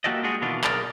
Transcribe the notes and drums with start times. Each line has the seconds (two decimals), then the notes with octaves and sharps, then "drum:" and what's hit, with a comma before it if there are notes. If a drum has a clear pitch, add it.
0.04 A#3 F#4 G4 A4 D5 D#5
0.23 G3 G#3 D4 F4 F#4 G#4
0.41 B2 D#3 E3 B3 D4 F4
0.64 B1 G#4 A#4 D5 A#5, drum: clap